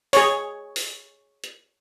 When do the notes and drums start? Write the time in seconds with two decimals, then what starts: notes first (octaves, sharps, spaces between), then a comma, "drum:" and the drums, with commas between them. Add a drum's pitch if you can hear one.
0.13 G#4 C#5, drum: open hi-hat
0.76 drum: open hi-hat
1.44 drum: hi-hat